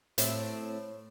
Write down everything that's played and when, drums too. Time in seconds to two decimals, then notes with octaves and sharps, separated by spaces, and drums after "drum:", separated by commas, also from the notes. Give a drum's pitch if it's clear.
0.18 A2 C4 E5, drum: hi-hat